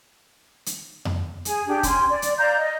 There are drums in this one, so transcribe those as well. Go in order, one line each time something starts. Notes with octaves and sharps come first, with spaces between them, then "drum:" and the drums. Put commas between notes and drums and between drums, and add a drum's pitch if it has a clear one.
drum: hi-hat
drum: tom F2
G#4 G#5, drum: hi-hat
D4 G4 G#4 G5
C#4 G#5 C6, drum: kick, hi-hat
D5
drum: hi-hat
D5 F5 A#5 G6
D#5